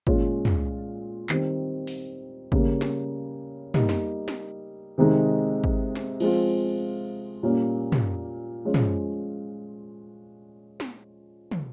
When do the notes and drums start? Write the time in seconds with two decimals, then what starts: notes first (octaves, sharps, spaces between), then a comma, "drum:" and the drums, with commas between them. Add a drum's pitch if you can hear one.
0.07 A#2 G#3 C#4 F4, drum: kick
0.45 drum: tom
1.29 D#3 G3 C4, drum: clap
1.87 drum: open hi-hat
2.52 C#3 G3 A#3, drum: kick
2.81 drum: snare
3.74 G3 A#3 D#4, drum: tom
3.89 drum: snare
4.28 drum: snare
4.98 C3 D#3 G#3 D#4
5.64 drum: kick
5.95 drum: snare
6.20 F3 G#3 C4 F4, drum: cymbal
7.43 A#2 G3 A#3 C#4
7.92 drum: tom
8.65 F3 G#3 C#4 F4
8.74 drum: tom
10.80 drum: snare
11.51 drum: tom